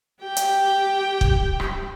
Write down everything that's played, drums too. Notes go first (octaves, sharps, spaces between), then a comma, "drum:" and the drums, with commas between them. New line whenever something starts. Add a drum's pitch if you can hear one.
G4 G5
drum: hi-hat
drum: kick
drum: rim click